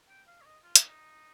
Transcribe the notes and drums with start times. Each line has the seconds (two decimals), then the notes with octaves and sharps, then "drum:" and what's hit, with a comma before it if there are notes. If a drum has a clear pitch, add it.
0.09 G5
0.27 F5
0.41 C#5
0.45 D#5
0.64 F4
0.76 D#4, drum: hi-hat
0.87 D#4